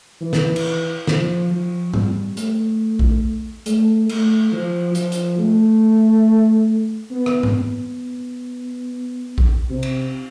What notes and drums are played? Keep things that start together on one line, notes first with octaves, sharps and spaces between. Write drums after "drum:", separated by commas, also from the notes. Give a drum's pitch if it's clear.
E3
drum: snare
drum: cymbal
F3, drum: snare
F3
G3, drum: tom G#2
A3, drum: hi-hat
drum: kick A#1
A3, drum: hi-hat
A3, drum: cymbal
F3
F3, drum: hi-hat
drum: hi-hat
A3
B3
drum: rim click
drum: tom G#2
B3
drum: kick A#1
C3
drum: cymbal